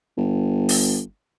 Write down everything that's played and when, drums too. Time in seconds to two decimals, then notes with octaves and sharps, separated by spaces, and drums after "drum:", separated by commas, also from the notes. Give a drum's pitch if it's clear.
0.17 G1
0.69 drum: open hi-hat